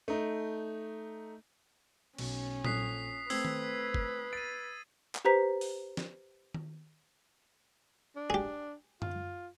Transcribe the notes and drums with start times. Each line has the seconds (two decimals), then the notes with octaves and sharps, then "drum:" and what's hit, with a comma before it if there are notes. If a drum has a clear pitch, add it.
0.08 A3 D#4
2.18 B1 C#4, drum: cymbal
2.65 A#1 A4 D#6 F#6 B6 C7, drum: tom A#2
3.30 A3 C4 B4 E6 G#6 C7, drum: open hi-hat
3.45 drum: tom D#3
3.94 drum: kick
4.33 A6 D7 D#7
5.15 drum: clap
5.25 G4 B4 C5 A#5 B6
5.61 drum: open hi-hat
5.97 drum: snare
6.54 drum: tom D#3
8.16 D4
8.30 G4 G#4
9.02 F4, drum: tom F#2